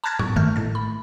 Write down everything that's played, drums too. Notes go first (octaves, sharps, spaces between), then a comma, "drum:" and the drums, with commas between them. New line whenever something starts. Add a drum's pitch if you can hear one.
A5 A#5 F6 F#6 G#6 A6
C#6, drum: tom G#2
A1 G2 D#3 A3 F6 G6
A2 A3 A6
B5